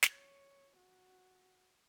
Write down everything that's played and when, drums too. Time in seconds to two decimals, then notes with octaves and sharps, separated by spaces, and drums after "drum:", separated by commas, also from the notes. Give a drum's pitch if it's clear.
0.03 drum: snare
0.12 C#5
0.77 F#4